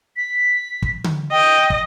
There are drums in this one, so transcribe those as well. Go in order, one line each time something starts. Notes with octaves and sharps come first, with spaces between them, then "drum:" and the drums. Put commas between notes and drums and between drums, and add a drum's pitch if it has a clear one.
B6
drum: kick
drum: tom D3
D#5 G5
drum: kick